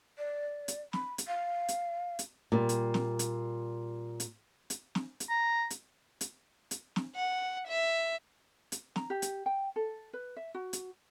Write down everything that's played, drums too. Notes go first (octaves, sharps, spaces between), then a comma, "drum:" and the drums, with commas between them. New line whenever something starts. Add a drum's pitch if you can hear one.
D5
drum: hi-hat
B5, drum: snare
drum: hi-hat
F5
drum: hi-hat
drum: hi-hat
A#2 G3
drum: hi-hat
drum: snare
drum: hi-hat
drum: hi-hat
drum: hi-hat
drum: snare
drum: hi-hat
A#5
drum: hi-hat
drum: hi-hat
drum: hi-hat
drum: snare
F#5
E5
drum: hi-hat
A#5, drum: snare
G4
drum: hi-hat
G5
A4
B4
E5
F#4
drum: hi-hat